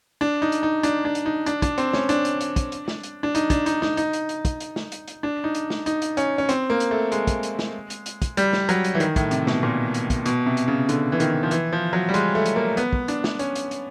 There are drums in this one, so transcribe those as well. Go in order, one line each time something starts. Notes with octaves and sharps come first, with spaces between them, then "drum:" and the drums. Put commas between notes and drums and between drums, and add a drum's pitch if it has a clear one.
D4
D#4
drum: hi-hat
D#4
D4, drum: hi-hat
D4
drum: hi-hat
D#4
D4, drum: hi-hat
D4, drum: kick, hi-hat
C4, drum: hi-hat
C#4, drum: snare
D4, drum: hi-hat
drum: hi-hat
drum: hi-hat
drum: kick, hi-hat
drum: hi-hat
drum: snare
drum: hi-hat
D4
D#4, drum: hi-hat
D4, drum: kick, hi-hat
D#4, drum: hi-hat
D#4, drum: snare
D#4, drum: hi-hat
drum: hi-hat
drum: hi-hat
drum: kick, hi-hat
drum: hi-hat
drum: snare
drum: hi-hat
drum: hi-hat
D4
D#4
drum: hi-hat
drum: snare
D#4, drum: hi-hat
drum: hi-hat
C#4, drum: hi-hat
C#4
C4, drum: hi-hat
A#3
drum: hi-hat
A3
G#3, drum: hi-hat
drum: kick, hi-hat
drum: hi-hat
drum: snare
drum: hi-hat
drum: hi-hat
drum: kick, hi-hat
G3, drum: hi-hat
drum: snare
F#3, drum: hi-hat
drum: hi-hat
E3
D#3, drum: hi-hat
A2, drum: kick, hi-hat
C3, drum: hi-hat
B2, drum: snare
A#2
drum: hi-hat
drum: kick, hi-hat
B2, drum: hi-hat
C3
drum: hi-hat
C#3
D3, drum: hi-hat
E3
D#3, drum: hi-hat
F3
E3, drum: hi-hat
F3
F#3
G3
G#3, drum: hi-hat
A3
drum: hi-hat
A#3
B3, drum: hi-hat
drum: kick
D4, drum: hi-hat
drum: snare
C#4, drum: hi-hat
drum: hi-hat
drum: hi-hat